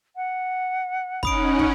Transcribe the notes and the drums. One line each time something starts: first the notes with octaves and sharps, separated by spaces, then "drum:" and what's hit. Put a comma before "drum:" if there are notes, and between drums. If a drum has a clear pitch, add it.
F#5
C#4 D#4 F#5 B5 D#6 D7, drum: kick
drum: kick